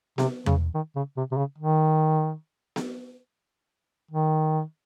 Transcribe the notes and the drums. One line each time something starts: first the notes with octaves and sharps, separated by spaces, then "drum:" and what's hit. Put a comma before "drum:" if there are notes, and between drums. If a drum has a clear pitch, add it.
C3, drum: snare B3
C#3, drum: tom E2
D#3
C#3
C3
C3
C#3
D#3
drum: snare B3
D#3